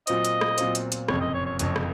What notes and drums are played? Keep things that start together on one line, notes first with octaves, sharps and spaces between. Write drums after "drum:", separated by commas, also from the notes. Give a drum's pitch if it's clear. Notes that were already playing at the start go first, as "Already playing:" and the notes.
A#2 F#3 C4 F4 C5 D#5, drum: hi-hat
drum: hi-hat
drum: rim click
A#2 F#3 C4 F4 C5, drum: hi-hat
drum: hi-hat
drum: hi-hat
F#1 F2 C3 C#5, drum: rim click
D#5
C#5
C#5
F#1 F2 C3 C#5, drum: hi-hat
drum: rim click